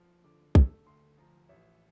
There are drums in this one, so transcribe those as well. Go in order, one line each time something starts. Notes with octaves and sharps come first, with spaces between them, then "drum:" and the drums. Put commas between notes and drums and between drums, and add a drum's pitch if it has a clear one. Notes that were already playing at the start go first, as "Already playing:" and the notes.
Already playing: F3
D3 D6
A3 E6, drum: kick
D2 C6
F3 A#5
A1 E5